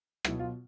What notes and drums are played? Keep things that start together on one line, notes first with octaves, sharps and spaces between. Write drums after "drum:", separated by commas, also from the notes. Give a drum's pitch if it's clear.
B2 F#3 E4, drum: rim click
F4